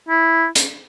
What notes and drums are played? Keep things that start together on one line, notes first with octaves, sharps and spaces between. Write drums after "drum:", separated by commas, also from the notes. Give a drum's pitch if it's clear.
E4
drum: hi-hat